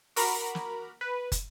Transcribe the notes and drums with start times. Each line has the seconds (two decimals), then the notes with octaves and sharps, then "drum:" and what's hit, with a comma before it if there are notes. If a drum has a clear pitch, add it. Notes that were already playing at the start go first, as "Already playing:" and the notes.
0.16 F#4 A#4 A#5 B5 D6, drum: open hi-hat
0.55 drum: snare
1.01 B4
1.32 drum: kick, hi-hat